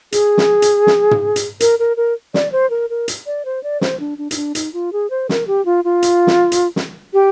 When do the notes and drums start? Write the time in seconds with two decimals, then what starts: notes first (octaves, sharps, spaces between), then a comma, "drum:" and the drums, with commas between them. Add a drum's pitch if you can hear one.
0.12 G#4, drum: hi-hat
0.38 drum: snare
0.62 drum: hi-hat
0.87 drum: snare
1.11 drum: tom
1.36 drum: hi-hat
1.60 A#4, drum: hi-hat
1.79 A#4
1.97 A#4
2.34 D5, drum: snare
2.52 C5
2.70 A#4
2.90 A#4
3.08 drum: hi-hat
3.26 D5
3.45 C5
3.63 D5
3.81 C5, drum: snare
4.00 D4
4.18 D4
4.31 D#4, drum: hi-hat
4.36 D4
4.55 D#4, drum: hi-hat
4.73 F4
4.93 G#4
5.10 C5
5.29 A#4, drum: snare
5.47 G4
5.65 F4
5.84 F4
6.02 drum: hi-hat
6.27 drum: snare
6.52 drum: hi-hat
6.76 drum: snare
7.13 G4